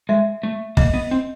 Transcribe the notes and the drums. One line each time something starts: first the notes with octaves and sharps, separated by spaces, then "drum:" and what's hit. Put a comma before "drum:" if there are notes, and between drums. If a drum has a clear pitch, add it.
G#3 E5
A3
A#3 D#5, drum: kick
B3
C4